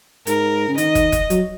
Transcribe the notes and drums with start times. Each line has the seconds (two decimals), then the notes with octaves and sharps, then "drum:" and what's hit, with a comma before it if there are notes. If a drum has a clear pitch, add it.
0.27 G#2 A#4, drum: hi-hat
0.68 C#3
0.78 D#3 D#5, drum: hi-hat
0.95 drum: kick, hi-hat
1.12 drum: kick, hi-hat
1.30 F#3, drum: hi-hat